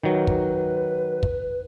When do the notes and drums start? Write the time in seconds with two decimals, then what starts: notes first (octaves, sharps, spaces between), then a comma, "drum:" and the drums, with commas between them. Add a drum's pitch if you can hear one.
0.03 D#3 F#3 B4
0.27 drum: kick
1.23 drum: kick